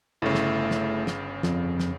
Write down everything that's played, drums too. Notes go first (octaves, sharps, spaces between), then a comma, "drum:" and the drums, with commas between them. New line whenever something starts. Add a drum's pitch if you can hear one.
G1 C#3 A3 E4
drum: snare
drum: snare
drum: snare
F2, drum: snare
drum: snare